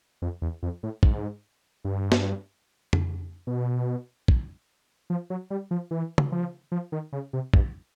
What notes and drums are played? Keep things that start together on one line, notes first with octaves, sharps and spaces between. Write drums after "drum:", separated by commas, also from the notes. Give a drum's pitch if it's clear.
F2
E2
F2
A2
G#2, drum: kick
G2
drum: snare
drum: tom F2
B2
drum: kick
F3
F#3
G3
F3
E3
drum: tom
F3
F3
D#3
C#3
C3
G2, drum: kick